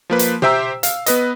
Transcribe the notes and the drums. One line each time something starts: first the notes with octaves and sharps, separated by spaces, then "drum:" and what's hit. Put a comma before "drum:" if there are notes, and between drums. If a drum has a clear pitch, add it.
F3 A#3 B4
drum: hi-hat
G4 C5 E5 G5 A#5 E6, drum: tom B2
F5, drum: hi-hat
B3 B4 D#5, drum: hi-hat